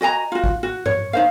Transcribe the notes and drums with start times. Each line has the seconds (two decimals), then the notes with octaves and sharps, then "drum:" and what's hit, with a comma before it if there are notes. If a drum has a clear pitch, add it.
0.01 F#4 D#5 G#5 A#5
0.32 F4 F#4
0.44 drum: kick
0.63 F#4
0.86 C#5, drum: tom G2
1.13 D#4 C5 F5